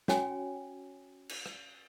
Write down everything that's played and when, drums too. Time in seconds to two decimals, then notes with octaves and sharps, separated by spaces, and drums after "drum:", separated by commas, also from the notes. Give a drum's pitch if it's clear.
0.08 C#4 F#4 C#5 G5 G#5, drum: snare
1.29 drum: cymbal
1.46 drum: rim click